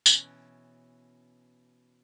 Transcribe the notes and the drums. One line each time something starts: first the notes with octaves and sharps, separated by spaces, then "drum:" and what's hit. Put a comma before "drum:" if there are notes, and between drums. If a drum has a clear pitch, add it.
B2 E3 C#4, drum: tambourine